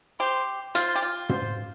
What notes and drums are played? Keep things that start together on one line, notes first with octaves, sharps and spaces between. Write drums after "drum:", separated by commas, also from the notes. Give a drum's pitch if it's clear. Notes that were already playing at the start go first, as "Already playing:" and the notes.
G4 C5
F4 C5, drum: hi-hat
G4
F4
C5, drum: tom